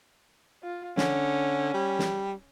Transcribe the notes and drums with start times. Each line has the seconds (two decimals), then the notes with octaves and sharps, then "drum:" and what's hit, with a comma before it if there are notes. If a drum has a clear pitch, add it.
0.63 F4
0.97 D3 C#4, drum: snare
1.74 G3
1.99 drum: snare